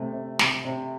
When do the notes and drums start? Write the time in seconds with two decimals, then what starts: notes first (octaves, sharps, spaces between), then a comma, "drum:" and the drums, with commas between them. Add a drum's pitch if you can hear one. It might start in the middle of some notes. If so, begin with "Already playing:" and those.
Already playing: C3 A3
0.12 C3
0.39 C3, drum: snare
0.65 C3